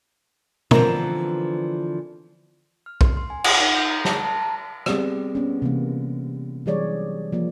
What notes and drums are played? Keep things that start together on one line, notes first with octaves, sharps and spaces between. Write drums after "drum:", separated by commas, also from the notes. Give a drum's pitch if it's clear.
D3 E3 F3 B3 C4 A#4, drum: tom
F6
C6, drum: kick B1
C6
G#5
F#5, drum: cymbal
D#4
G6
A#5
A5, drum: snare
A5
A#5
G3 B3 C4 G4 G#4 D5, drum: rim click
B3 C#4
C3 E3 A#3
E3 F#3 G3 G#4 C#5 D5
F3 A#3 D5